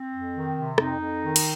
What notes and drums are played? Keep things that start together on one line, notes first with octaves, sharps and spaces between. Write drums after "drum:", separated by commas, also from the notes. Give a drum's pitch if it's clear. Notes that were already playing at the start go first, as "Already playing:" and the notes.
Already playing: C4
F2
D#3
C3
F2 D#4, drum: rim click
F2
D#3
drum: cymbal